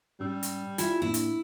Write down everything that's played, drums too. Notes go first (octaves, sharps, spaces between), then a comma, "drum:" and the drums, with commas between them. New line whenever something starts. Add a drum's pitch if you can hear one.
G#2 G3 C#4 E6
drum: hi-hat
E4 F4 E5 G#5, drum: hi-hat
A2 A#3 D4 E4
drum: hi-hat